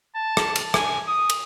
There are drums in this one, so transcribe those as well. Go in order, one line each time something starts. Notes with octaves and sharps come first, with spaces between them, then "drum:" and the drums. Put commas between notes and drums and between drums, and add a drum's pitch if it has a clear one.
A5
drum: rim click
drum: cymbal
G#5, drum: rim click
D#6
drum: cymbal